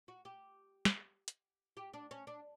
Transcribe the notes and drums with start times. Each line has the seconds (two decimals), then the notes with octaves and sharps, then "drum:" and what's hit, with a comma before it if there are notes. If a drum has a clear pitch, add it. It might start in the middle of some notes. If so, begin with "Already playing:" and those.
0.08 F#4
0.25 G4
0.85 drum: snare
1.28 drum: hi-hat
1.77 G4
1.94 D4
2.11 C#4
2.27 D4